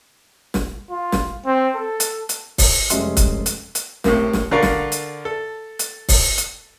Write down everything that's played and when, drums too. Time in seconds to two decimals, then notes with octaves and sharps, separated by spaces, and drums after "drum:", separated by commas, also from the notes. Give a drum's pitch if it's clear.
0.54 drum: snare
0.91 F4
1.12 drum: snare
1.46 C4
1.76 A4
2.00 drum: hi-hat
2.29 drum: hi-hat
2.58 drum: kick C#1, open hi-hat
2.90 F1 G3 G#3 C#4 E5 C6, drum: hi-hat
3.17 drum: kick C#1, hi-hat
3.46 drum: hi-hat
3.75 drum: hi-hat
4.04 A2 C3 A#3, drum: snare
4.33 drum: snare
4.51 D3 F4 A#4 D5 F5 C#6
4.63 drum: snare
4.92 drum: hi-hat
5.25 A4
5.79 drum: hi-hat
6.09 drum: kick C#1, open hi-hat
6.38 drum: hi-hat